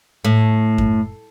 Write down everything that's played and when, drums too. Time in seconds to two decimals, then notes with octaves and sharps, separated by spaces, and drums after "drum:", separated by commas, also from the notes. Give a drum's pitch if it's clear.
0.25 A2
0.78 drum: kick F#2